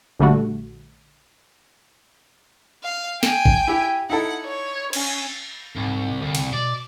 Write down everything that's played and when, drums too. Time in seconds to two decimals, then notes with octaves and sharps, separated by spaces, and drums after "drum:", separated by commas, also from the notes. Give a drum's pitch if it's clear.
0.20 A#1 D3 G3 A3 F#4
2.84 F5
3.23 G5 G#5, drum: snare
3.46 drum: kick G#1
3.68 E4 G4
4.10 D#4 E4 A4 F#5
4.44 C#5
4.93 C#4, drum: cymbal
5.76 C2 G#2
6.22 C2 D3
6.35 drum: cymbal
6.53 B2 D5